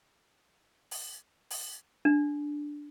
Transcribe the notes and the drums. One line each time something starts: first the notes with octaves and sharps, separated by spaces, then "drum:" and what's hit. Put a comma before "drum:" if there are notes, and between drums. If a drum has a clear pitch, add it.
drum: open hi-hat
drum: open hi-hat
D4